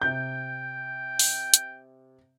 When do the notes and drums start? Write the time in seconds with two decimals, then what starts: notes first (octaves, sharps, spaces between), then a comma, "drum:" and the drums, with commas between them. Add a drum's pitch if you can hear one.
0.02 C3 G5 G6
1.19 drum: open hi-hat
1.54 drum: hi-hat